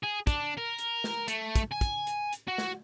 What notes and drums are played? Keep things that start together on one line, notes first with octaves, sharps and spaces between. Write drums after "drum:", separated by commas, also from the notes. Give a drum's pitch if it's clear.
G#4
D4, drum: kick, hi-hat
A#4
drum: hi-hat
drum: snare
A3, drum: hi-hat
drum: kick, hi-hat
G#5
drum: kick, hi-hat
drum: hi-hat
drum: hi-hat
F#4
drum: snare